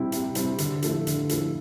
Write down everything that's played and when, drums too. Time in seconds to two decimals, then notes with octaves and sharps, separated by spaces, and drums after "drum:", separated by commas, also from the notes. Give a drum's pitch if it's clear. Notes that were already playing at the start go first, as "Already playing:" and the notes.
Already playing: C3 G3 C4 E4
0.12 C3, drum: hi-hat
0.35 G3 C4 E4, drum: hi-hat
0.58 D3, drum: hi-hat
0.82 F3 A3 E4, drum: hi-hat
1.07 D3, drum: hi-hat
1.29 F3 A3 E4, drum: hi-hat